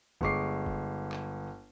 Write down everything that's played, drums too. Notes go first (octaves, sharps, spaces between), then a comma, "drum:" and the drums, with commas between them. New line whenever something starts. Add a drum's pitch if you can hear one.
G1 G#3 C#6 D6 C7, drum: kick
drum: kick
drum: clap